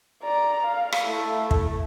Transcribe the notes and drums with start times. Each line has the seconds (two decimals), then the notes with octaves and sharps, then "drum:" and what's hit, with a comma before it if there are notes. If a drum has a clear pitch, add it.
0.23 D5 A#5
0.63 F5
0.92 drum: rim click
1.04 A3 E4
1.51 drum: kick